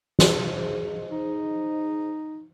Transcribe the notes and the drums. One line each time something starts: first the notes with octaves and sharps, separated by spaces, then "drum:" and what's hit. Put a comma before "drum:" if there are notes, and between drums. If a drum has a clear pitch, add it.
G#4 C5 D#5, drum: snare
D#4